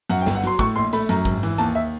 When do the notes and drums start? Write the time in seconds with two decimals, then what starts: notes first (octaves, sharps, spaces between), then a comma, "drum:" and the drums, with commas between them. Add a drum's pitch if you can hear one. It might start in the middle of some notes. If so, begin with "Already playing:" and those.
0.10 F#2 F#5, drum: hi-hat
0.22 G5
0.26 G1, drum: snare
0.35 F#5
0.44 F#3 C6, drum: hi-hat
0.59 A2 C#6, drum: kick, hi-hat
0.76 A#1 C6
0.93 A3 B5, drum: hi-hat
1.09 F#2 A#5, drum: hi-hat
1.25 G#1, drum: kick, hi-hat
1.43 E3, drum: hi-hat
1.58 D#2 A5, drum: hi-hat
1.75 E5